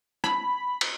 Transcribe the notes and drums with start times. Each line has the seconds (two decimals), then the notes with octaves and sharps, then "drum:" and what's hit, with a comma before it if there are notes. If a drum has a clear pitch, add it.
0.24 B5, drum: rim click
0.81 drum: cymbal